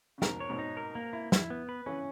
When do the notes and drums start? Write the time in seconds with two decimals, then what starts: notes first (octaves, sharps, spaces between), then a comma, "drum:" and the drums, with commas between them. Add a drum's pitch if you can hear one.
0.18 C#3
0.22 G#2 B2 A#4, drum: snare
0.40 C#5
0.50 G#2 B2
0.59 D#4
0.77 A#4
0.95 A#3
1.13 E4
1.32 E4, drum: snare
1.50 B3
1.69 B4
1.86 C#3 E3 C#4